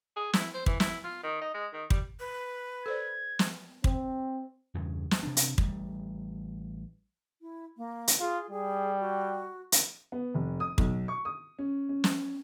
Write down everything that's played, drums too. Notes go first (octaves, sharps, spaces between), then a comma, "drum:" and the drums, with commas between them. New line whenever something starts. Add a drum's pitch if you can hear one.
G#4
E4, drum: snare
C5
E3, drum: kick
E4, drum: snare
F4
D#3
D#4
G#3
D#3
G3, drum: kick
B4
A4 C5 D5 G#6
drum: snare
C4, drum: kick
E2 G2 C#3 C#4
drum: snare
C3 C4 D4
drum: hi-hat
A1 G3, drum: kick
E4
A#3
drum: hi-hat
F4 G#4
G3 G#4
F#4
drum: hi-hat
B3
F1
D#6
B1, drum: kick
C#6
D#6
C#4
C#4
drum: snare